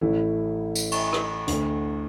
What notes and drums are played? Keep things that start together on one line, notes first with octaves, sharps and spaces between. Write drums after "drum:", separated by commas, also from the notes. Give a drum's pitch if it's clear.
A1 A2 A3 E4
drum: tambourine
drum: cymbal
drum: rim click
D2 D3 A3, drum: hi-hat